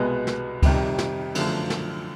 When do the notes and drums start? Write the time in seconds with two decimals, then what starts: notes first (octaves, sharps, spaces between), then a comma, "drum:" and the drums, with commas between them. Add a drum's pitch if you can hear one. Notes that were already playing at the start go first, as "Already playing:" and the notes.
Already playing: C2 B2 G#3 B3
0.27 drum: snare
0.63 F2 C3 D#3 G3, drum: kick C#2, cymbal
0.99 drum: snare
1.35 F#2 D3 F3 A3, drum: cymbal
1.70 drum: snare